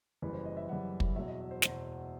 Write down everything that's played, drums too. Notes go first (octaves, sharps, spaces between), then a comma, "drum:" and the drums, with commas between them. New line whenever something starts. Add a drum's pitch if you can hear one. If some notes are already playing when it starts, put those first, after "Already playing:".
F#1 F#2 E3 G3 B4
C5
D#5
E5
F#1 F#2 E3 G3 F#5
drum: kick
E2 B2 F#3 E5
D#5
D#5
C5
E2 B2 F#3 C5, drum: snare